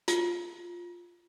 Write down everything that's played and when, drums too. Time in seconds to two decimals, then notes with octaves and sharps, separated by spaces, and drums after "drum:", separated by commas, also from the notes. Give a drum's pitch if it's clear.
0.08 F4, drum: hi-hat